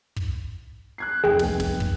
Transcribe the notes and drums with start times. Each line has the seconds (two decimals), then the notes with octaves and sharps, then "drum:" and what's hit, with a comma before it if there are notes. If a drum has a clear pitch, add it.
0.16 drum: kick
0.98 F#6 G#6 C7
1.24 F1 G#4 G5 F#6
1.39 drum: snare
1.60 drum: snare
1.80 drum: kick